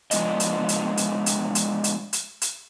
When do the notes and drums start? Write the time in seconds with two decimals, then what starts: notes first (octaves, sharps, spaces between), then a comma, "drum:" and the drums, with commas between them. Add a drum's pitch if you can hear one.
0.11 F3 G#3 B3 D4 D#5, drum: hi-hat
0.40 drum: hi-hat
0.69 drum: hi-hat
0.97 drum: hi-hat
1.26 drum: hi-hat
1.55 drum: hi-hat
1.84 drum: hi-hat
2.13 drum: hi-hat
2.42 drum: hi-hat